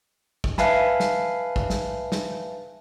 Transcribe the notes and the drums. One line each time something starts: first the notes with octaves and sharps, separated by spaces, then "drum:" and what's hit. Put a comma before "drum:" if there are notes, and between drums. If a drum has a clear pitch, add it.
drum: kick
B4 E5 F5 G#5 A5 B5, drum: snare
drum: snare
drum: kick
drum: snare
drum: snare